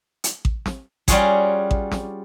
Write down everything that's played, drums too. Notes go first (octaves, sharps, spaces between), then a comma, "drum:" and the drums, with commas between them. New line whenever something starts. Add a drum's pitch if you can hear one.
drum: hi-hat
drum: kick A1
drum: snare
G3 C#4 F4 F#4 G#4, drum: kick A1, hi-hat
drum: kick A1
drum: snare